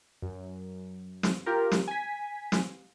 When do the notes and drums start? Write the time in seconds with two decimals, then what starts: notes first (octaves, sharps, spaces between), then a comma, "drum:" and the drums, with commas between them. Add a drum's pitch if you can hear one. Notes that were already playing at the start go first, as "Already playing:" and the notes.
0.22 F#2
1.23 drum: snare
1.46 F4 G4 A#4
1.72 drum: snare
1.88 G#5 B6
2.52 drum: snare